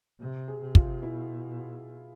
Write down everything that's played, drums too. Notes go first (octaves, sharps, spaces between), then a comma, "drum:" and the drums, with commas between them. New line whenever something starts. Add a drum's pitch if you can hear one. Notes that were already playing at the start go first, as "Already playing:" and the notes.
C3
G#4
C3
F4, drum: kick
B2 E4